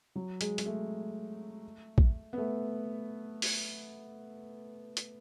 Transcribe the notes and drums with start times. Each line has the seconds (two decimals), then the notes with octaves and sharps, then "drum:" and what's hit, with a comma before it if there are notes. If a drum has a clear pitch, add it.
0.16 F#3
0.41 G#3, drum: hi-hat
0.58 G#3, drum: hi-hat
0.66 A3
1.98 drum: kick
2.33 B3
2.38 A3
3.42 drum: open hi-hat
4.97 drum: hi-hat